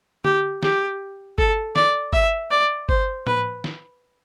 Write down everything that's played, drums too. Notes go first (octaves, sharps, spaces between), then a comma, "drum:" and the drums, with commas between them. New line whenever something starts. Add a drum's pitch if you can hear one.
G4, drum: tom D3
G4, drum: snare
A4, drum: kick G1
D5, drum: snare
E5, drum: kick G1
D5
C5, drum: kick G1
B4, drum: tom A2
drum: snare